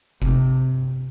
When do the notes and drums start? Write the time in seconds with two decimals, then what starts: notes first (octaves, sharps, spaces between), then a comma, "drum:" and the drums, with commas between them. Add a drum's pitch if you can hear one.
0.22 C3, drum: kick F#1